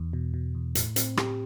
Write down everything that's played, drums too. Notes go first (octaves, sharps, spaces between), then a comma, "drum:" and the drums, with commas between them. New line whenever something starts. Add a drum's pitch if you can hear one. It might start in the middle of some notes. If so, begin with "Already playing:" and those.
Already playing: E2
B2
B2
E2
A2, drum: hi-hat
C4, drum: hi-hat
G4, drum: rim click